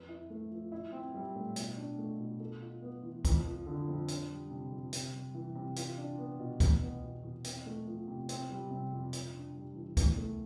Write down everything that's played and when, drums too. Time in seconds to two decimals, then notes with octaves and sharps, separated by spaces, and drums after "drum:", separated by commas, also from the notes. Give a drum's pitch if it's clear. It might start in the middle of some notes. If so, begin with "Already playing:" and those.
Already playing: F2 B4
0.09 E4
0.30 A3
0.51 F3
0.72 E4
0.93 C4
1.14 G3
1.35 A2
1.56 B2, drum: hi-hat
1.77 D4
1.98 A3
2.20 B2
2.40 A4
2.61 F4
2.82 B3
3.03 E3
3.25 F2, drum: kick C2, hi-hat
3.45 F3
3.67 D3
3.88 F2
4.08 D4, drum: hi-hat
4.29 G3
4.50 C3
4.71 F2
4.93 C3, drum: hi-hat
5.13 G3
5.34 E3
5.55 C3
5.76 F4, drum: hi-hat
5.98 D4
6.18 B3
6.39 B2
6.60 E2, drum: kick C2, hi-hat
6.81 B3
7.03 B2
7.23 E2
7.44 C4, drum: hi-hat
7.66 A3
7.87 F3
8.08 C3
8.29 C4, drum: hi-hat
8.50 G3
8.71 C3
8.92 F2
9.13 F4, drum: hi-hat
9.34 D4
9.55 G3
9.76 E3
9.97 E2, drum: kick C2, hi-hat
10.18 A3